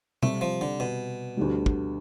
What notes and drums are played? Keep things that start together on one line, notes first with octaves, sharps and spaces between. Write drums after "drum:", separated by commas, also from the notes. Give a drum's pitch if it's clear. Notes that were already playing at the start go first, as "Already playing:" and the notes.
C3 G3 A3 C4, drum: tom B2
F3
D3
B2
D2 D3 G3
drum: kick